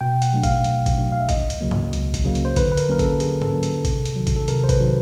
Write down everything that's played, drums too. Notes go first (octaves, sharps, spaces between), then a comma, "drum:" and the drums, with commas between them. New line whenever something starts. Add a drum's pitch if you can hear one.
B2 G5
F#5, drum: hi-hat
F#3 A3 D4
F5, drum: kick, hi-hat
B2, drum: hi-hat
drum: kick, hi-hat
F#3 A3 D4
F5
E5
C#2 D#5, drum: kick, hi-hat
drum: hi-hat
C#3 F#3 A#3
drum: tom G2
C#2, drum: hi-hat
drum: kick, hi-hat
C#3 F#3 A#3
drum: hi-hat
C5
D3 B4, drum: kick, hi-hat
B4
A#4, drum: hi-hat
F#3 A#3 C#4 A#4
A4, drum: kick, hi-hat
D3 G#4, drum: hi-hat
A4, drum: tom
F#3 A#3 C#4
A4, drum: hi-hat
C3, drum: kick, hi-hat
drum: hi-hat
D#3 F#3
drum: kick, hi-hat
A4
C3 A#4, drum: hi-hat
C5
B4, drum: kick, hi-hat
D#3 F#3